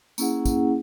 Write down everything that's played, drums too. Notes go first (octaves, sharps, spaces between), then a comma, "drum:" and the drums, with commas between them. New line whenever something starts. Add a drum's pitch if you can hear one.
A#3 C#4 E4 G#4 F#5, drum: tambourine
drum: kick, tambourine